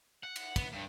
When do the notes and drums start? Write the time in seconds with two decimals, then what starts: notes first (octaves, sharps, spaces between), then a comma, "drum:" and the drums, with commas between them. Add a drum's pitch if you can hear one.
0.23 F#5
0.36 drum: cymbal
0.56 B3, drum: kick, cymbal
0.73 G2